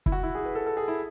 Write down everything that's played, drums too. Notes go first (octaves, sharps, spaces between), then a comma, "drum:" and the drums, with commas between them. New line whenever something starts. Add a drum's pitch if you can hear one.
E4, drum: kick
F#4
E4
G#4
B4
A4
A4
G#4
E4